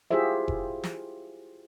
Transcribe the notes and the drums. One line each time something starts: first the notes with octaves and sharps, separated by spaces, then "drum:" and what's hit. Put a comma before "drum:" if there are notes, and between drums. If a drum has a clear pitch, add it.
E4 F4 G4 G#4 C5 E5
drum: kick F1
drum: snare